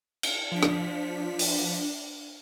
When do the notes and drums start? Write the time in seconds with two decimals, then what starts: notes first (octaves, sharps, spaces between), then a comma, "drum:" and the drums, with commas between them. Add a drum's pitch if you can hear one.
0.23 drum: cymbal
0.52 F3 D4 B6
0.63 drum: rim click
1.39 drum: open hi-hat